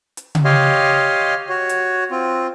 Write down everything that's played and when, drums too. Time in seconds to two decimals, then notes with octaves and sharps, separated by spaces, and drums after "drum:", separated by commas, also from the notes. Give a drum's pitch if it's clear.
0.17 drum: hi-hat
0.35 drum: tom C#3
0.45 G4 C#5 D#5 F5 C6
1.49 F#4 C#5
1.69 drum: hi-hat
2.11 C4 F4